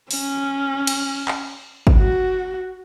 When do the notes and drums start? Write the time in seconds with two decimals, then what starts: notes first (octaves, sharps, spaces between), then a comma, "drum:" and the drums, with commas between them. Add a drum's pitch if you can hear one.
0.11 C#4, drum: open hi-hat
0.87 drum: cymbal
1.28 drum: clap
1.87 drum: kick
1.97 F#4